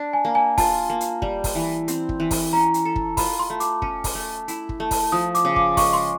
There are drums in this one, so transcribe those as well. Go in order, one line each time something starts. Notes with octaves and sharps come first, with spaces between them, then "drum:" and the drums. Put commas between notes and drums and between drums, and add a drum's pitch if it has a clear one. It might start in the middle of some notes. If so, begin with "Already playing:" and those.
Already playing: D4
G#5
A#3
G#5
F4 A5, drum: kick, open hi-hat
A#3
drum: hi-hat
G3, drum: kick
drum: kick, open hi-hat
E3
C4, drum: hi-hat
drum: kick
E3
drum: kick, open hi-hat
C#4 A#5
drum: hi-hat
A4
drum: kick
F4 B5, drum: kick, open hi-hat
C6
A3
D6, drum: hi-hat
C#4, drum: kick
drum: kick, open hi-hat
A3
E4, drum: hi-hat
drum: kick
A3
drum: kick, open hi-hat
F3 D#6
D6, drum: hi-hat
C#3
D6, drum: kick
G#3 C#6, drum: kick, open hi-hat
C6